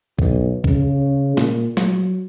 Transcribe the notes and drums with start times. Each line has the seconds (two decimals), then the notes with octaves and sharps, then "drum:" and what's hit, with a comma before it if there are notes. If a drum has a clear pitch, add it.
0.19 B1, drum: kick
0.64 C#3, drum: kick
1.37 A#2, drum: snare
1.77 F#3, drum: snare